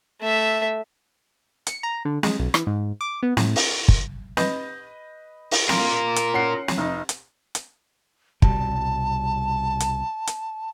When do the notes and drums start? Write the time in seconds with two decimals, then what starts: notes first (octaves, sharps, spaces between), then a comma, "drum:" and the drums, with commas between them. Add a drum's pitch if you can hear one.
0.21 A3 E5
1.67 C#7, drum: hi-hat
1.83 A#5
2.05 D3
2.23 G#3, drum: snare
2.39 B1
2.54 E3, drum: rim click
2.67 G#2
3.01 D6
3.23 B3
3.37 A2, drum: snare
3.56 drum: open hi-hat
3.88 drum: kick
4.37 B4 D#5 G6, drum: snare
5.51 drum: open hi-hat
5.69 F4 A#4, drum: snare
6.16 drum: hi-hat
6.34 C#4 F#5 C7
6.68 drum: snare
6.78 F1 D#4
7.09 drum: hi-hat
7.55 drum: hi-hat
8.42 C2 B2 G3 A5, drum: kick
9.80 drum: hi-hat
10.27 drum: hi-hat